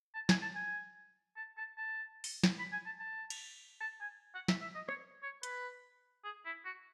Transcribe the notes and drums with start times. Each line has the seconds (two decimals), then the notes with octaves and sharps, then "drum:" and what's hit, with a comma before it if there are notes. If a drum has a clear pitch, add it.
0.15 A5
0.29 G#5, drum: snare
0.42 A5
0.55 G#5
1.37 A5
1.58 A5
1.78 A5
2.24 drum: open hi-hat
2.44 drum: snare
2.59 B5
2.72 G#5
2.86 A5
3.00 A5
3.30 drum: cymbal
3.81 A5
4.01 G#5
4.35 F#5
4.48 E5, drum: snare
4.62 E5
4.75 D#5
4.89 C#5, drum: rim click
5.23 C#5
5.43 B4, drum: hi-hat
6.24 G#4
6.45 E4
6.65 F#4